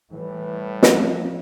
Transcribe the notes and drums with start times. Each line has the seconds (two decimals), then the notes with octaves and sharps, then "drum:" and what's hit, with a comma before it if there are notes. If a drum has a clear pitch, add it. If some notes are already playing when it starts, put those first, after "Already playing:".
0.12 A2 E3 G3
0.83 F3 C4 C#4, drum: snare